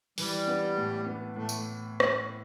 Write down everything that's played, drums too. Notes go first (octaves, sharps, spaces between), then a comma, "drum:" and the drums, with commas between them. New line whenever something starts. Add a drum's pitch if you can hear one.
E3 G3, drum: open hi-hat
B3
A2
B3
A2 A3
drum: tambourine
drum: rim click